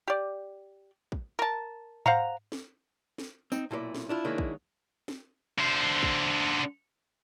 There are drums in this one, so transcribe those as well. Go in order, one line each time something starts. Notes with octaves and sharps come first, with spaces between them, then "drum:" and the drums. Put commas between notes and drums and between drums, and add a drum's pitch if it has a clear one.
G4 D5
drum: kick
A#4 A5
C5 F5 F#5 A#5, drum: tom G#2
drum: snare
drum: snare
C4 D#4, drum: tambourine
B1 A#2 E4 A4 D5
drum: snare
D4 E4 F4
D#3 F#3 G#3 A#3 D4 E4
drum: kick
drum: snare
D3 C5
drum: kick